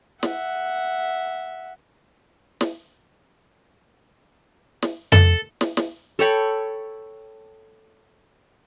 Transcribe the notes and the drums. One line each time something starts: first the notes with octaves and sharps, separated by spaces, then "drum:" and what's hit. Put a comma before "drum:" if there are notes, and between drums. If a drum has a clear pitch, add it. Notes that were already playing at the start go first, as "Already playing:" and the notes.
E5 F#5, drum: snare
drum: snare
drum: snare
A4, drum: tom F2
drum: snare
drum: snare
A4 C#5 G5 B5